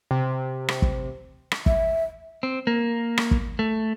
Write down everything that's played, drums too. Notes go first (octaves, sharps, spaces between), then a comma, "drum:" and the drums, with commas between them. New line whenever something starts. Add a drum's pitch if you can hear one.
C3
drum: rim click
drum: kick
drum: rim click
E5, drum: kick
C4
A#3
drum: rim click
drum: kick
A3